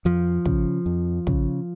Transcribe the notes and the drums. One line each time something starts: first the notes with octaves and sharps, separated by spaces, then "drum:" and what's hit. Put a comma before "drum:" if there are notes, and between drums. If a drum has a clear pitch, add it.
F2 F3
C#3, drum: kick
F2
C#3, drum: kick